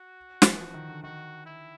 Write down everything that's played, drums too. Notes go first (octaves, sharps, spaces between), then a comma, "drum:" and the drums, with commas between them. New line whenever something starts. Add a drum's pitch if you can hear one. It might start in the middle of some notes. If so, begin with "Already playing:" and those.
Already playing: F#4
drum: snare
E3
F3
D#3
D3
D#3 F#4
E4